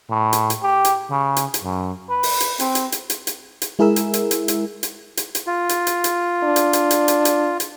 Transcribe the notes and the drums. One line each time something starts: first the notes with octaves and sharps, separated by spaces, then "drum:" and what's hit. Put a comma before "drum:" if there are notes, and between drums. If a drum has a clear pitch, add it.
A2
drum: hi-hat
drum: hi-hat
G4
drum: hi-hat
C#3
drum: hi-hat
drum: hi-hat
F#2
B4
drum: open hi-hat
drum: hi-hat
C4, drum: hi-hat
drum: hi-hat
drum: hi-hat
drum: hi-hat
drum: hi-hat
drum: hi-hat
G#3 E4 G#4 A#4 E5 E6
drum: hi-hat
drum: hi-hat
drum: hi-hat
drum: hi-hat
drum: hi-hat
drum: hi-hat
drum: hi-hat
F4
drum: hi-hat
drum: hi-hat
drum: hi-hat
D4
drum: hi-hat
drum: hi-hat
drum: hi-hat
drum: hi-hat
drum: hi-hat
drum: hi-hat